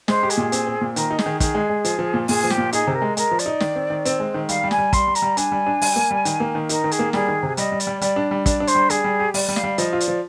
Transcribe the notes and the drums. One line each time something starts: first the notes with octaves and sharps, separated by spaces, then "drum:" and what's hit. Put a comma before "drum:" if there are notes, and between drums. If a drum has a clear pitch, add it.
G#3 C5, drum: snare
G4
G#4, drum: hi-hat
A#2
C4, drum: hi-hat
C4
A#2
D#3 A#4, drum: hi-hat
D#4
G#4, drum: snare
D#3
D#3 G#4, drum: kick, hi-hat
G#3
G#3
F3, drum: hi-hat
F3
A#2
A#2 G#4, drum: open hi-hat
F3
G4, drum: snare
A#2
D#4 G#4, drum: hi-hat
C3
A#4
G#3
G#3 A#4, drum: hi-hat
F3
D5, drum: hi-hat
D#4
D#3, drum: snare
C4
D#3
C4, drum: hi-hat
G#3
D#3
G3 F5, drum: hi-hat
G3
G#5, drum: snare
G3
G3 C6, drum: kick, hi-hat
G3
A#5, drum: hi-hat
G3
D4 G#5, drum: hi-hat
G3
D4
G3, drum: open hi-hat
A#3
G3
D#3, drum: hi-hat
A#3
D#3
D#4 A#4, drum: hi-hat
D#3
G#4, drum: hi-hat
A#3
G3 G#4, drum: snare
D#3
C3
G3 D#5, drum: hi-hat
G3
D5, drum: hi-hat
G3
G3 D5, drum: hi-hat
D4
G3
D4 D5, drum: kick, hi-hat
D4
C5, drum: hi-hat
G3
G3 G#4, drum: hi-hat
G3
G4
G3 D5, drum: open hi-hat
G3
F5, drum: snare
G3
F3 D#5, drum: hi-hat
F4
D5, drum: hi-hat
F3